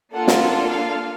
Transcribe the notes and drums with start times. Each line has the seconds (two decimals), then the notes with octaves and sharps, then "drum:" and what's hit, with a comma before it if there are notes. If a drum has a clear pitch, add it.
0.13 A#3 D4 F4 A4 F#5
0.28 drum: snare
0.69 F5